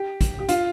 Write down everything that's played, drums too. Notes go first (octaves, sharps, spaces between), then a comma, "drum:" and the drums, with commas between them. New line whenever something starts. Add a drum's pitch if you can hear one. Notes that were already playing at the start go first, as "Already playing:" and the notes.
Already playing: G4
drum: kick, hi-hat
G4
F4, drum: hi-hat